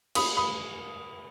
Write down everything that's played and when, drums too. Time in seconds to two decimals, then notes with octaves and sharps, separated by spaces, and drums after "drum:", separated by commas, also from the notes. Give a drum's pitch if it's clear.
0.15 B5 D#6, drum: cymbal
0.37 B5 D#6